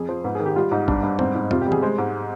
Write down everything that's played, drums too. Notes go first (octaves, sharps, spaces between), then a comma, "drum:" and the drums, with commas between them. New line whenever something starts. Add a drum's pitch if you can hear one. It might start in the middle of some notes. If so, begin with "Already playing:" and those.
Already playing: F2 G#4
F3 C5
G#2 B4
D#3 G#4
G4
G3 F4
G#2 D#4
G2 D4, drum: kick
G2
G#2 C4, drum: tom
G#2 D#4
C3 F4, drum: tom
G4
G3
G#4, drum: tom
G#3 C5
G#2